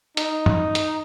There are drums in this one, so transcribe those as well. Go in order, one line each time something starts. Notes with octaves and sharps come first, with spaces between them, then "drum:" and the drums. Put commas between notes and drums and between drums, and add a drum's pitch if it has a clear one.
D#4, drum: hi-hat
drum: tom
drum: hi-hat